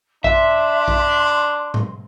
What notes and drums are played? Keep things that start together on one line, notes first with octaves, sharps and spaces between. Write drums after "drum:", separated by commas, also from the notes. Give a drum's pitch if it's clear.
D4 E5 C6, drum: kick A#1
drum: kick A#1
drum: tom G#2